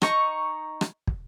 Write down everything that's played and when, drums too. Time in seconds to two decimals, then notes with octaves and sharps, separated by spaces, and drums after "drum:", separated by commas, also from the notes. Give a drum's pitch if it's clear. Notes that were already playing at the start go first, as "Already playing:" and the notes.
0.02 D#4 A#5 C#6, drum: rim click
0.81 drum: rim click
1.07 drum: kick